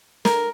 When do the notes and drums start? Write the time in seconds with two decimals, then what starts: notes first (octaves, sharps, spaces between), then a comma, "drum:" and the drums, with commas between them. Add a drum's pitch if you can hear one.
0.25 A#4, drum: snare